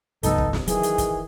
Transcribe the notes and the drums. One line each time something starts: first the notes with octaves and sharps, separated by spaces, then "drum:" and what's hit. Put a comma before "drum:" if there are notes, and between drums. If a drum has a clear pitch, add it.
G#1 C#2 F#3 B3 D#4 A4, drum: hi-hat
drum: kick
drum: snare
D#3 E3 F#3 G#4, drum: hi-hat
drum: hi-hat
drum: kick, hi-hat